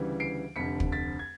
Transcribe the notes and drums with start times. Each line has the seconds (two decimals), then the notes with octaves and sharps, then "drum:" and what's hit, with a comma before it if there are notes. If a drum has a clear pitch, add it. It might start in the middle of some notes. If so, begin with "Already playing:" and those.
Already playing: D2 C#3 E3 G3
0.20 C7 D7
0.56 F1 F2 D3 B6 C#7
0.80 drum: kick
0.92 A6 B6
1.19 G#6